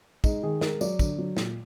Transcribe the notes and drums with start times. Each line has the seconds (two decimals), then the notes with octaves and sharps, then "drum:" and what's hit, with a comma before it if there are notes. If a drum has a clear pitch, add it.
0.24 G#3 D#4, drum: kick, tambourine
0.43 D#3 G#4
0.61 G#3 A#4, drum: snare
0.81 F#3 D5, drum: tambourine
0.99 D3, drum: kick, tambourine
1.18 F#3
1.37 A#2, drum: snare